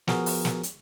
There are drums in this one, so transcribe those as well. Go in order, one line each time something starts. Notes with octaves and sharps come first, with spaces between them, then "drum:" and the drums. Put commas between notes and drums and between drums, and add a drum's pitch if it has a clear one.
F3 B3 F#4 G#4 A#4, drum: snare
drum: open hi-hat
drum: snare
drum: hi-hat